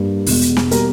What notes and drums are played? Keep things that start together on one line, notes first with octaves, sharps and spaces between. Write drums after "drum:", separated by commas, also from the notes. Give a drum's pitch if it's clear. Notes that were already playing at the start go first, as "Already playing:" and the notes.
Already playing: G2 G3 A#3
E1 E2 B2 G#3, drum: open hi-hat
drum: hi-hat
drum: snare
B2 G3 A#3 A#4, drum: hi-hat